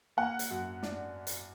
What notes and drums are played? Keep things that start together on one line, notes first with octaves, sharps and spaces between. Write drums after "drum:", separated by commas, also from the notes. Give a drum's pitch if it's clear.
A#3 F#5
drum: hi-hat
F#2
D4, drum: snare
drum: hi-hat